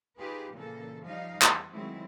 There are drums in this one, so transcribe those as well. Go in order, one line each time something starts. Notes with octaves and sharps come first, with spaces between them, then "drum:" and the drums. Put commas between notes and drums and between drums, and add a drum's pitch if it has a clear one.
D#4 F4 G4 G#4 B4
A#2 C#3 E3 A#3 A4
F3 G3 D#4 D#5 F5
E2, drum: clap
D#3 F#3 G#3 A3 C4 E4